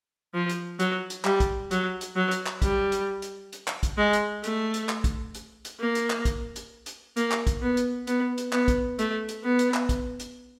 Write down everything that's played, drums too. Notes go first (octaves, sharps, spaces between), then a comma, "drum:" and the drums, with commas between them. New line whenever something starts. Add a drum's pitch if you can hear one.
F3
drum: hi-hat
F#3, drum: hi-hat
drum: hi-hat
G3, drum: clap
drum: kick, hi-hat
F#3, drum: hi-hat
drum: hi-hat
F#3
drum: hi-hat
drum: clap
G3, drum: kick, hi-hat
drum: hi-hat
drum: hi-hat
drum: hi-hat
drum: clap
drum: kick, hi-hat
G#3
drum: hi-hat
A3, drum: hi-hat
drum: hi-hat
drum: clap
drum: kick, hi-hat
drum: hi-hat
drum: hi-hat
A#3
drum: hi-hat
drum: clap
drum: kick, hi-hat
drum: hi-hat
drum: hi-hat
A#3, drum: hi-hat
drum: clap
drum: kick, hi-hat
B3
drum: hi-hat
B3, drum: hi-hat
drum: hi-hat
B3, drum: clap
drum: kick, hi-hat
A3, drum: hi-hat
drum: hi-hat
B3
drum: hi-hat
drum: clap
drum: kick, hi-hat
drum: hi-hat